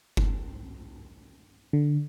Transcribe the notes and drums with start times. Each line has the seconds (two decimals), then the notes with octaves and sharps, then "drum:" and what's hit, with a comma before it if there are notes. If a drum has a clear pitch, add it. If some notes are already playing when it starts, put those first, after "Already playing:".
0.17 drum: kick F#1
1.73 D3